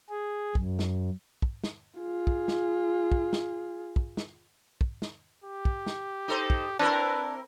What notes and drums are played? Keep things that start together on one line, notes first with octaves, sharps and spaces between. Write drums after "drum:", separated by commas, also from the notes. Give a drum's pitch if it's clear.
G#4
F#2, drum: kick
drum: snare
drum: kick
drum: snare
F4 G#4
drum: kick
drum: snare
drum: kick
drum: snare
drum: kick
drum: snare
drum: kick
drum: snare
G4
drum: kick
drum: snare
D#4 A4 C5
drum: kick
C4 D4 E4 A#4 B4